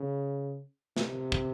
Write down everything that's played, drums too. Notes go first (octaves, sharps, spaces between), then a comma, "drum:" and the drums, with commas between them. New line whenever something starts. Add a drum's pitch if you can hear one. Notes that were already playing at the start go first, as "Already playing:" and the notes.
Already playing: C#3
C3, drum: snare
drum: kick